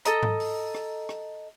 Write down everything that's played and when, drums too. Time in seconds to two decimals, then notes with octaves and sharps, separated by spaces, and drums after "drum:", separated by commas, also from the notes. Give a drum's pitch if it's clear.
0.05 A4 D#5 A#5, drum: hi-hat
0.23 drum: tom G#2
0.40 drum: open hi-hat
0.74 drum: rim click
1.09 drum: rim click